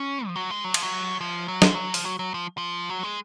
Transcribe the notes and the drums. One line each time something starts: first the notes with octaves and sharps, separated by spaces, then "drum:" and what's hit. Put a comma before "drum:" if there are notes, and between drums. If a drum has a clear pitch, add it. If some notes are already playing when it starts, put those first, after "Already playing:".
Already playing: C#4
F3
F#3
G#3
F#3
F3, drum: cymbal
F#3
F3
F#3
G#3, drum: snare
F#3
F3, drum: open hi-hat
F#3
F#3
F3
F3
F#3
G#3